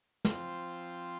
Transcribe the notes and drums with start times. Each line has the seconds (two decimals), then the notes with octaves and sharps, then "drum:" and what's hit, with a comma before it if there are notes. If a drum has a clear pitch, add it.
0.25 F3 C4 F4, drum: snare